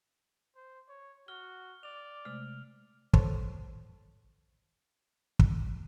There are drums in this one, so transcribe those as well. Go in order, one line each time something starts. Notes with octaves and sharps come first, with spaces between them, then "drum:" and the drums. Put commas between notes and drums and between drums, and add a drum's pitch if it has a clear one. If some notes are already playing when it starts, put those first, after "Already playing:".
C5
C#5
F#4 F6 G7
D5 F7
C3 G#3 A3 F6
A4 C5 C#5, drum: kick
drum: kick